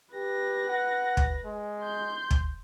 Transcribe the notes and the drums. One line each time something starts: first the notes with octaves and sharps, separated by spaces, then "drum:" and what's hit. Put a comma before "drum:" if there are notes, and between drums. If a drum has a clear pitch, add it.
G4 B4 A#6
F#5
drum: kick
G#3
C6 G6
drum: kick